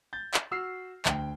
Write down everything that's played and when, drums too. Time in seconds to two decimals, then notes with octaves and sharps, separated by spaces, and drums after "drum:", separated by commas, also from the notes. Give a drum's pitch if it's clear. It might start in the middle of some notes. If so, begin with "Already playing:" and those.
0.13 G6 A6
0.34 drum: clap
0.51 F#4 E6 F6 C7
1.05 D2 G5, drum: clap